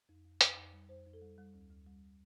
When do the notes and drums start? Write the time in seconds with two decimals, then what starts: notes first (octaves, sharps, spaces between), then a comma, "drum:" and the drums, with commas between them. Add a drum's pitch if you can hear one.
0.09 F2
0.25 F2
0.41 F2, drum: hi-hat
0.57 F2
0.73 G3
0.89 F2 C5
1.06 F2
1.13 A4
1.22 G3
1.38 G3
1.54 D2
1.70 D2
1.86 G3